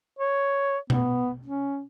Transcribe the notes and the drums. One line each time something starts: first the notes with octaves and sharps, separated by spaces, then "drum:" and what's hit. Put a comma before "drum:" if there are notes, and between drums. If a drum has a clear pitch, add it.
C#5
B3, drum: tom B2
C#4